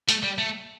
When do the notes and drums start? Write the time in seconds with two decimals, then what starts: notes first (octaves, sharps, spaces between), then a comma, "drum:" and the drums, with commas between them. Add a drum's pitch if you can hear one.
0.09 A3, drum: hi-hat
0.23 G3
0.38 A3